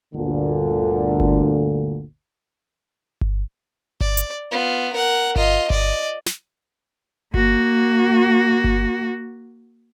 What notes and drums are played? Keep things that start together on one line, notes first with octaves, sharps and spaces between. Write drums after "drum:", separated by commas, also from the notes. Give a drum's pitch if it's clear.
G1 D2 A#2 D3
drum: kick G1
drum: kick G1
D5, drum: kick G1
drum: hi-hat
B3 F4
A#4 F#5
F4 D#5, drum: kick G1
D5 D#5, drum: kick G1
drum: snare
A#3 F#4, drum: kick G1
drum: kick G1